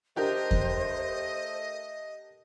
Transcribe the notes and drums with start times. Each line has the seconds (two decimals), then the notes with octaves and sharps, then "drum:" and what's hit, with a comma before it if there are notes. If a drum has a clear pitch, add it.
0.16 A3 D4 G4 A#4 C5 D#5
0.51 drum: kick E2